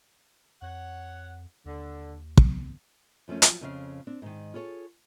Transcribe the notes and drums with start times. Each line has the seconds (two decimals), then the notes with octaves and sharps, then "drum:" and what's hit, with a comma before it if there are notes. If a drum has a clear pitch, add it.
0.62 F2 C#5 F#5
1.65 D#2 D3
2.37 drum: kick
3.28 F#2 F3 A3 C#4
3.42 F3 F#3, drum: hi-hat
3.61 F2 C#3 F4 F5
4.07 C4 D4
4.22 G#2 D#3
4.54 F4 G#4 A4 C#5